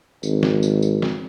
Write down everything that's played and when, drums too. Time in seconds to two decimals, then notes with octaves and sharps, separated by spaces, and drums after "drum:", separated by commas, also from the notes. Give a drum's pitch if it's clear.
0.23 G#1, drum: tambourine
0.43 drum: snare
0.63 drum: tambourine
0.82 drum: tambourine
1.02 drum: snare